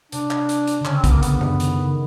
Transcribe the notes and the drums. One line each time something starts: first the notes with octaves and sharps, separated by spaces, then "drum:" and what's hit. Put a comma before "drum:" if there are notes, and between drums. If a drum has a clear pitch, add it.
C3 D4, drum: hi-hat
drum: clap
drum: hi-hat
drum: hi-hat
D3
C#3 C#4, drum: clap
C4
B3, drum: kick, hi-hat
C#3 A#3
D3 B3, drum: hi-hat
drum: tom F#2
D#3, drum: hi-hat
D#3
C#3